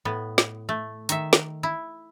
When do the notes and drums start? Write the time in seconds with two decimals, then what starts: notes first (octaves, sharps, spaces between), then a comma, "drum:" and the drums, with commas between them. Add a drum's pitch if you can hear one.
0.05 A2 B3
0.38 drum: snare
0.69 A3
1.09 D#3 E5, drum: hi-hat
1.33 drum: snare
1.63 E4